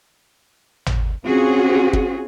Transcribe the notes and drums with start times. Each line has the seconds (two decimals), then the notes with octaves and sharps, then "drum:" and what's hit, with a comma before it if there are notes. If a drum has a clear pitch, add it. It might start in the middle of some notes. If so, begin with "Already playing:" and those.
0.86 drum: tom
1.26 C4 C#4 F4 F#4 G#4
1.93 drum: kick